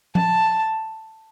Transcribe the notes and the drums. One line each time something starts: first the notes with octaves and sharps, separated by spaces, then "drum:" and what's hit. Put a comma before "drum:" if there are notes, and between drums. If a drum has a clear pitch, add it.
A5, drum: tom F3